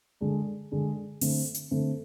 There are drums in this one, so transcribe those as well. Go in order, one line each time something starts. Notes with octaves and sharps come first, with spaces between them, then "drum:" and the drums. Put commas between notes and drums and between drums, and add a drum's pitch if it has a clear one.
D3 G#3 D4
D3 G#3 D4
D3 A3 C4, drum: open hi-hat
drum: hi-hat
D3 A3 C4